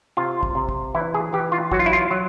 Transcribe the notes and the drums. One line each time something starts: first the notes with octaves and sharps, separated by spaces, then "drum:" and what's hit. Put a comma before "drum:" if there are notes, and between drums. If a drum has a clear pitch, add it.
C3 F4
drum: kick
C3
drum: kick
E3 E4
G#4
E3 G4
F4
F#3 F#4, drum: kick
F4
E4
F4
F#3